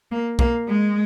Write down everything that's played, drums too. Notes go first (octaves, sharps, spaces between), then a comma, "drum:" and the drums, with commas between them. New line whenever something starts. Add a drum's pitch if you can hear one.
A#3
A#3, drum: kick
G#3